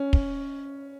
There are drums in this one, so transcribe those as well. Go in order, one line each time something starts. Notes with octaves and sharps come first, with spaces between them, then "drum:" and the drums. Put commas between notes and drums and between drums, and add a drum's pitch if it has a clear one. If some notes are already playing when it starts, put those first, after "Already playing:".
Already playing: C#4
drum: kick